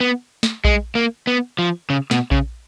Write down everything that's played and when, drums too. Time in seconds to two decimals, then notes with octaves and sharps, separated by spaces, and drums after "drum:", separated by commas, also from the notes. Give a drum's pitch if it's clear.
0.01 B3
0.43 drum: snare
0.65 G#3, drum: kick A#1
0.95 A#3
1.27 B3
1.59 F3
1.90 C#3
2.11 B2, drum: snare
2.31 C#3, drum: kick A#1